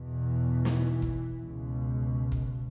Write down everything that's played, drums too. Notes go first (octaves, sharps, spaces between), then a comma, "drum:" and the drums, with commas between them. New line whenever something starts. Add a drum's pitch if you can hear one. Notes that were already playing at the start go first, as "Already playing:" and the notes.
Already playing: E2 B2
E3
drum: snare
drum: kick
C#2 B2
drum: kick